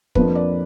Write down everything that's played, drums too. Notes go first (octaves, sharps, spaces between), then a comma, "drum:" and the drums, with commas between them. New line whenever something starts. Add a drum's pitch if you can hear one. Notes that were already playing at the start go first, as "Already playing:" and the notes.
F2 F3 A#3 D4 B4, drum: kick
D5